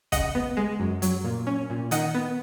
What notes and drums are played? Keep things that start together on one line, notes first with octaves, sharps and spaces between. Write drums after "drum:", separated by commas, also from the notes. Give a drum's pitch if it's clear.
C#3 D#5 F#5, drum: kick, hi-hat
B3
G#3
F#2
F#3, drum: hi-hat
A#2
C#4
A#2
D#3 D#5 F#5, drum: hi-hat
B3